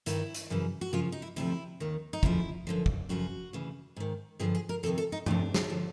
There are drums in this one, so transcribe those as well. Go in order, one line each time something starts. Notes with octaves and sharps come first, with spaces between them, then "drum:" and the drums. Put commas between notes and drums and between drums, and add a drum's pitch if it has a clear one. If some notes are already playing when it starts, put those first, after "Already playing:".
G2 D#3 E4, drum: hi-hat
drum: hi-hat
F#2 C#3 E3
F#4
F#2 C#3 F3 F4
D#4
E4
D2 C3 F3 E4
D#2 D#3
D#4
D2 C#3 F3 E4, drum: kick
F#2 D3 F3
drum: kick
F#2 C#3 F3 F#4
D2 C#3 E3
G#2 D#3
G2 D3 F3 G#4
G#4
A#4
F2 C3 D#3 A4
A4
D#4
F2 C3 F3 D4, drum: tom G2
drum: snare
D3 F3